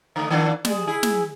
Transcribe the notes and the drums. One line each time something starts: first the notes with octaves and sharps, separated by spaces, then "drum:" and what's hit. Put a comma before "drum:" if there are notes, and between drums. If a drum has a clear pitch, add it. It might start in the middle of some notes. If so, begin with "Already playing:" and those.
D3 A3
D#3 A#3 D4
G3 G#4, drum: snare
E4 G#4
drum: snare